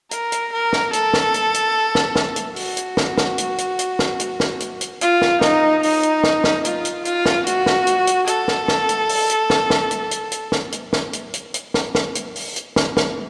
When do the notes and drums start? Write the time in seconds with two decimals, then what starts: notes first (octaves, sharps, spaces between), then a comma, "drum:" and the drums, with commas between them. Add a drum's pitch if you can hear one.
0.11 A#4, drum: hi-hat
0.32 drum: hi-hat
0.53 A#4
0.73 drum: snare
0.93 A4, drum: hi-hat
1.14 drum: snare
1.34 drum: hi-hat
1.54 drum: hi-hat
1.95 drum: snare
2.16 drum: snare
2.36 drum: hi-hat
2.56 F#4, drum: open hi-hat
2.77 drum: hi-hat
2.97 drum: snare
3.18 drum: snare
3.38 drum: hi-hat
3.58 drum: hi-hat
3.79 drum: hi-hat
3.99 drum: snare
4.20 drum: hi-hat
4.40 drum: snare
4.60 drum: hi-hat
4.81 drum: hi-hat
5.01 F4, drum: hi-hat
5.22 drum: snare
5.41 D#4, drum: snare
5.83 D#4, drum: open hi-hat
6.03 drum: hi-hat
6.24 drum: snare
6.44 drum: snare
6.65 F4, drum: hi-hat
6.85 drum: hi-hat
7.05 F4, drum: hi-hat
7.26 drum: snare
7.47 F#4, drum: hi-hat
7.66 drum: snare
7.87 drum: hi-hat
8.07 drum: hi-hat
8.27 A4, drum: hi-hat
8.48 drum: snare
8.68 drum: snare
8.89 drum: hi-hat
9.09 drum: open hi-hat
9.30 drum: hi-hat
9.50 drum: snare
9.70 drum: snare
9.91 drum: hi-hat
10.11 drum: hi-hat
10.32 drum: hi-hat
10.52 drum: snare
10.72 drum: hi-hat
10.93 drum: snare
11.13 drum: hi-hat
11.34 drum: hi-hat
11.54 drum: hi-hat
11.74 drum: snare
11.95 drum: snare
12.15 drum: hi-hat
12.36 drum: open hi-hat
12.56 drum: hi-hat
12.76 drum: snare
12.97 drum: snare